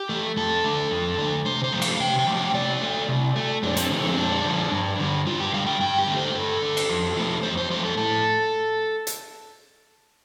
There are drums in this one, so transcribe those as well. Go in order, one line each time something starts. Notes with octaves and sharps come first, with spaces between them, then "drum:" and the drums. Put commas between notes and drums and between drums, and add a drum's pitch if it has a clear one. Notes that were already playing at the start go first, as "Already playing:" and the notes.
Already playing: G4
A3
F2 A4
D3 A3
F2
D3 A3
C3 C5
C5
F3 A3
F5, drum: cymbal
C3 G5
G5
F3 A3
G5
C3 D5
A3
C3
A3
F2 D4, drum: cymbal
C4, drum: hi-hat
D3 F3 A3
C4
F2 D4
D3 F3
G2
D3 G3
G2 F4
G4
D3 G3 F5
G5
G2 G5
G4
D3 A3
C5
G2 A4
D3 A3
drum: cymbal
F2
F3 A3
F2 C5
C5
F3 A3 C5
A4
A2 A4
drum: hi-hat